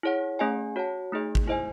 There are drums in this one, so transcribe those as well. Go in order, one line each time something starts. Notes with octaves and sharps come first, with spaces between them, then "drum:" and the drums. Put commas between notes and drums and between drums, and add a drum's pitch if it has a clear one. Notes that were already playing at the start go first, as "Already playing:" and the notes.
E4 G#4 C#5 F#5
A3 C#4 G#4 D#5 G#5
F#4 C#5 F#5 A5
A3 D#4 G#4 D#5
drum: kick
E4 C5 D#5 G#5